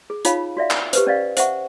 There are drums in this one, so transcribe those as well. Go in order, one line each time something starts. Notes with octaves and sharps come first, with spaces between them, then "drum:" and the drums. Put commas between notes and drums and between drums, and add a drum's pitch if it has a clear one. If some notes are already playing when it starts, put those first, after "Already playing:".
G#4
D#4 F4 C#5 F5 B5, drum: hi-hat
F#4 D5 E5 F5
drum: clap
G4 B4 C5, drum: hi-hat
C#4 D5 D#5 F5
C5 E5 F#5 C#6, drum: hi-hat